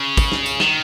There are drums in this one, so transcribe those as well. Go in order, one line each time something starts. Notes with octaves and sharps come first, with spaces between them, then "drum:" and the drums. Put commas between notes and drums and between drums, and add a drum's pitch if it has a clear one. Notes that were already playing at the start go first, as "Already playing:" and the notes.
Already playing: C#3
drum: kick, tambourine
drum: snare
drum: tambourine
D#3, drum: snare